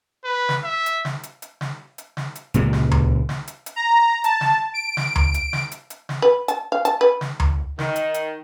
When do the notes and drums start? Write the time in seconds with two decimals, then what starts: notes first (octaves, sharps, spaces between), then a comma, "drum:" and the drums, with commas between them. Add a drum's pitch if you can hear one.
0.24 B4
0.49 drum: snare
0.64 E5
0.86 drum: hi-hat
1.05 drum: snare
1.23 drum: hi-hat
1.42 drum: hi-hat
1.61 drum: snare
1.98 drum: hi-hat
2.17 drum: snare
2.35 drum: hi-hat
2.54 C#2 A#2 G#3, drum: hi-hat
2.73 drum: snare
2.91 drum: tom D2
3.29 drum: snare
3.48 drum: hi-hat
3.66 drum: hi-hat
3.76 A#5
4.24 A5, drum: hi-hat
4.41 drum: snare
4.74 D7
4.97 drum: snare
5.16 drum: tom D2
5.34 drum: hi-hat
5.53 drum: snare
5.72 drum: hi-hat
5.90 drum: hi-hat
6.09 drum: snare
6.22 B4
6.48 A5, drum: hi-hat
6.72 F5
6.85 A5, drum: hi-hat
7.01 B4
7.21 drum: snare
7.40 drum: tom D2
7.79 D#3, drum: snare
7.96 drum: hi-hat
8.14 drum: hi-hat